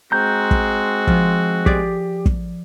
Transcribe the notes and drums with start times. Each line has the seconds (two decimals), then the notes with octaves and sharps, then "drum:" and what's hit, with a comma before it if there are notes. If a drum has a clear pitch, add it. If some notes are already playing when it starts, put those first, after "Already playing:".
0.12 G#3 C4 F#4 A#5 G6
0.51 drum: kick
1.07 F3 F4, drum: kick
1.66 G4 G#4 D5, drum: kick
2.26 drum: kick